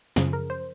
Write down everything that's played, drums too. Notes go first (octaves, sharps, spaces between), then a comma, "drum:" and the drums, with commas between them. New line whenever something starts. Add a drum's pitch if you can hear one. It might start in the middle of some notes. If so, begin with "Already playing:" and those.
F#2 C#3 F3 G#4, drum: snare
A#4
C5